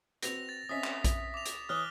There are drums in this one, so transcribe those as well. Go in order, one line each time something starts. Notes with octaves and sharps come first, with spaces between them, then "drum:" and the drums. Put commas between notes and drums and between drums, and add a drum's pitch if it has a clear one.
C4 F#4 B4 A#6 F7, drum: hi-hat
A6
C4 C#4 D#5 E5 D#6 B6
drum: clap
drum: kick A#1, hi-hat
D6 F7
drum: hi-hat
E3 C#5 D6 D#6 F6 F#6 G7